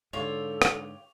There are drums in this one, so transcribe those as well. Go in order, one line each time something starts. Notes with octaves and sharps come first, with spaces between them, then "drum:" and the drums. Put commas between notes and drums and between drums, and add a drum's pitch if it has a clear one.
G#2 D3 F4 G4 A4 C#5 C#6 F7
drum: rim click